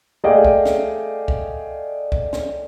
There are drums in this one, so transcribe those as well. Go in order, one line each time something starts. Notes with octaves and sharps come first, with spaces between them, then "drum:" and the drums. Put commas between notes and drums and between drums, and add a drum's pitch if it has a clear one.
A3 G#4 D5 D#5 F5 G5
drum: kick C2
drum: snare
drum: kick C2
drum: kick C2
drum: snare